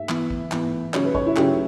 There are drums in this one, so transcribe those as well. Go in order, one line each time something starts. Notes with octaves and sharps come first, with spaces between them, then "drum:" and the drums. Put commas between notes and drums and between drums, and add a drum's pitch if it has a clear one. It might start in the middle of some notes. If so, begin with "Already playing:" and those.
Already playing: E5
E3 B3, drum: clap
drum: kick
E3 B3, drum: clap
C#3 F#3 C#4 C#5, drum: clap
B4
C#5, drum: kick
E4
C#3 F#3 C#4 G4, drum: clap